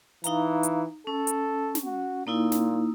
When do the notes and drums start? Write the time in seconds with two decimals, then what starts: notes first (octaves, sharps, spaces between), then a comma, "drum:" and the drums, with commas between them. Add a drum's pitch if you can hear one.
0.24 E3 D#4 F5 A#5, drum: hi-hat
0.63 drum: hi-hat
1.07 C#4 A4
1.27 drum: hi-hat
1.75 drum: snare
1.85 F#4
2.27 A#2 A#3 D#4 E4
2.52 drum: snare